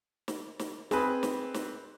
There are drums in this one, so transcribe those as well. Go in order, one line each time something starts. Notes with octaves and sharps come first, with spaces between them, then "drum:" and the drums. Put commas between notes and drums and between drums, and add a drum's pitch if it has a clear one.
drum: snare
drum: snare
C4 G#4 B4, drum: snare
drum: snare
drum: snare